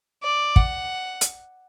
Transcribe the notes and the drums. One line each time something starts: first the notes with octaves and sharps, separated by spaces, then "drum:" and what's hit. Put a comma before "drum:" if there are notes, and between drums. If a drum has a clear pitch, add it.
D5
F#5, drum: kick
drum: hi-hat